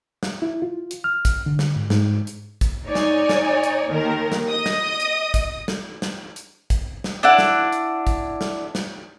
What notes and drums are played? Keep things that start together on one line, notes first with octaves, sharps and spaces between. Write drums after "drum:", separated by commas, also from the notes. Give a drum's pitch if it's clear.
drum: snare
E4
F4
drum: hi-hat
F6
drum: kick, hi-hat
D3
drum: snare
G#2
G#2, drum: snare
drum: hi-hat
drum: kick, hi-hat
D#4 C#5 D5 G#5
drum: snare
drum: snare
drum: hi-hat
D#2 D#3 A#4
drum: snare
D#5 D#6
drum: snare
drum: hi-hat
drum: kick, hi-hat
drum: snare
drum: snare
drum: hi-hat
drum: kick, hi-hat
drum: snare
D4 E4 F#5
drum: snare
drum: hi-hat
drum: kick, hi-hat
drum: snare
drum: snare